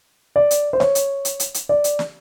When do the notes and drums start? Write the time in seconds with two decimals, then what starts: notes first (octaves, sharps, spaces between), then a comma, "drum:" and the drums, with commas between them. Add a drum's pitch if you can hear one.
0.36 D5
0.51 drum: hi-hat
0.73 C5
0.80 C#5, drum: snare
0.95 drum: hi-hat
1.25 drum: hi-hat
1.40 drum: hi-hat
1.54 drum: hi-hat
1.69 D5
1.84 drum: hi-hat
1.99 drum: snare